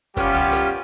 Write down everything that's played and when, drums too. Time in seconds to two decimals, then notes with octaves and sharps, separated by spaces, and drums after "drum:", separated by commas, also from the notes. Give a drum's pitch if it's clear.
0.17 G3 B3 C#4 F4 G4, drum: kick, hi-hat
0.34 drum: tom C2
0.52 drum: hi-hat